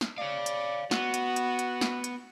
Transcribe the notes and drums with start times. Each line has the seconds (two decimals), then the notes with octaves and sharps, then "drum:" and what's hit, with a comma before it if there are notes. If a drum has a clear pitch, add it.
0.01 drum: snare
0.18 C#5 D5 F5
0.46 drum: hi-hat
0.91 B3 F#4, drum: snare
1.14 drum: hi-hat
1.36 drum: hi-hat
1.59 drum: hi-hat
1.81 drum: snare
2.04 drum: hi-hat